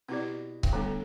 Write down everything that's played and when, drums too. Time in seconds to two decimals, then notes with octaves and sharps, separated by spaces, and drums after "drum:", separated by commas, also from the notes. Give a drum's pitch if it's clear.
0.09 B2 C4 E4 G4 D5
0.63 G2, drum: kick C#1
0.72 A2 D3 G3 B3 D4